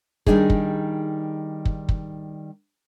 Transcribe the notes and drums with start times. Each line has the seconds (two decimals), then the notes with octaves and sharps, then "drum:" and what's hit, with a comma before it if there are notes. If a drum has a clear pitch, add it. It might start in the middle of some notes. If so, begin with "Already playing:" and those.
0.26 D#3 G3 D4 D#4 G#4, drum: kick
0.50 drum: kick
1.65 drum: kick
1.89 drum: kick